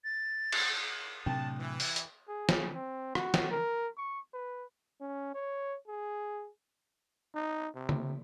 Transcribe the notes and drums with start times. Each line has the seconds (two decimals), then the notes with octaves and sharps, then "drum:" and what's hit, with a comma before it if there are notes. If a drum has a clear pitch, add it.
0.04 A6
0.52 drum: cymbal
1.26 A2 C3 F#3 D4 G5 A5
1.60 E3
1.80 drum: open hi-hat
1.96 drum: hi-hat
2.29 G#4
2.49 drum: snare
2.75 C4
3.15 F#4, drum: rim click
3.34 drum: snare
3.51 A#4
3.97 C#6
4.34 B4
5.01 C#4
5.35 C#5
5.88 G#4
7.35 D#4
7.75 C3
7.89 drum: tom C#3